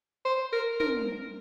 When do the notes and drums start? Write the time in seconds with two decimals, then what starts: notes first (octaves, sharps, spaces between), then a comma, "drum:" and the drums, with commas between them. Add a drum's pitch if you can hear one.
0.25 C5
0.53 A#4
0.80 A#4, drum: tom